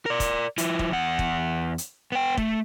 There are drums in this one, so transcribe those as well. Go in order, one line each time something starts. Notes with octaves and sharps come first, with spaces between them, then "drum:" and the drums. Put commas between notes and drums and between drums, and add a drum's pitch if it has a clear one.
A#4 D5
drum: kick, hi-hat
F3 E4, drum: hi-hat
drum: kick
E2 F#5
drum: kick
drum: hi-hat
B3 G5
A3, drum: kick